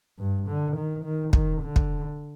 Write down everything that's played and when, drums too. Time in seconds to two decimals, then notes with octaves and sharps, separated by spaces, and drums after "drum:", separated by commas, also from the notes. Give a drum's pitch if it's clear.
0.19 G2
0.48 D3
0.76 D#3
1.04 D#3
1.33 D#3, drum: kick
1.62 D3
1.76 drum: kick